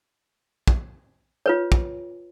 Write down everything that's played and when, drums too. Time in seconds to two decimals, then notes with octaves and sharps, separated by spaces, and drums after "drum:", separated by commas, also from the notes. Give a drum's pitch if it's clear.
0.68 drum: kick
1.46 F4 B4 C#5
1.72 drum: kick